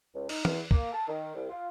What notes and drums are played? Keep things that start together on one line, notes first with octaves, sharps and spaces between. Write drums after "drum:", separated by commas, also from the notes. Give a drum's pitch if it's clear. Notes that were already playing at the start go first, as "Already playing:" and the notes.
C#2
D#4, drum: cymbal
E2, drum: tom
A#3, drum: kick
A5
D#3
C2
F4